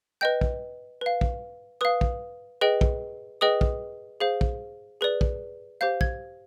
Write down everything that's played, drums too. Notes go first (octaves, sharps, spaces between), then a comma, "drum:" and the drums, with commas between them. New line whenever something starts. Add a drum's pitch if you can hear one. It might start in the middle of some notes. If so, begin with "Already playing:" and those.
B4 D#5 G5 G6
drum: kick
B4 F5
drum: kick
B4 F5 D#6
drum: kick
G#4 B4 D#5 G5
drum: kick
G#4 B4 D#5 G5 D#6
drum: kick
G#4 C5 F5
drum: kick
G#4 B4 D5
drum: kick
G4 C5 F5 G6
G#6, drum: kick